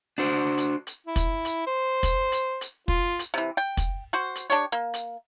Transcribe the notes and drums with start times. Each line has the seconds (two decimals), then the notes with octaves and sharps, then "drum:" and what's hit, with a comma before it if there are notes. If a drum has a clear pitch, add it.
0.18 D4 F#4 C5
0.58 drum: hi-hat
0.87 drum: hi-hat
1.07 E4
1.16 drum: kick, hi-hat
1.45 drum: hi-hat
1.67 C5
2.03 drum: kick, hi-hat
2.32 drum: hi-hat
2.61 drum: hi-hat
2.88 F4, drum: kick
3.19 drum: hi-hat
3.34 C3 E3
3.57 G5
3.77 drum: kick, hi-hat
4.13 F#4 C5
4.35 drum: hi-hat
4.50 D4 G4 C#5
4.72 A#3
4.94 drum: hi-hat